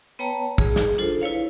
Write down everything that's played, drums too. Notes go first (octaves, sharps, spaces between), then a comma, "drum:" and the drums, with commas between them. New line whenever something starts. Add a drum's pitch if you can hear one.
B3 B4 C#5 G5 A5 A#5
G#4, drum: kick
drum: snare
D4 F4 A4 C5
E4 B4 C#5 F5